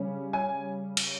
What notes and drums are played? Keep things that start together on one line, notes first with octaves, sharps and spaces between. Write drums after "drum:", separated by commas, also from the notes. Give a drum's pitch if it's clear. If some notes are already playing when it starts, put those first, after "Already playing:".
Already playing: C#3 G3 C#4
G#5
drum: cymbal